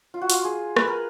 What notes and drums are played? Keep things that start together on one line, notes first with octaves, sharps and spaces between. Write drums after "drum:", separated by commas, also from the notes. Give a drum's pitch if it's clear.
F4
F#4
F4, drum: hi-hat
G#4
B4, drum: rim click
A#4